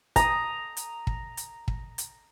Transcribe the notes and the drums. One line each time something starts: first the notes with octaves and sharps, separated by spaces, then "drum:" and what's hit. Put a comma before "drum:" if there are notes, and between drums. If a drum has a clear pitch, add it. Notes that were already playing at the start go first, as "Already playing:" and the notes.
A#5 D#6, drum: kick, hi-hat
drum: hi-hat
drum: kick
drum: hi-hat
drum: kick
drum: hi-hat